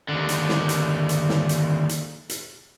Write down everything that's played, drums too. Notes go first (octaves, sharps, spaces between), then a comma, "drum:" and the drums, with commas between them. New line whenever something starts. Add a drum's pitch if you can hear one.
D#2 D3
drum: hi-hat
drum: snare
drum: hi-hat
drum: hi-hat
drum: snare
drum: hi-hat
drum: hi-hat
drum: hi-hat